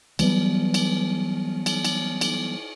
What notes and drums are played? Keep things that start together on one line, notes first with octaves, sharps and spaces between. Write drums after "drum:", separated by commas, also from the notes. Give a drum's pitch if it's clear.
E3 F#3 G3 B3, drum: cymbal
drum: cymbal
drum: cymbal
drum: cymbal
drum: cymbal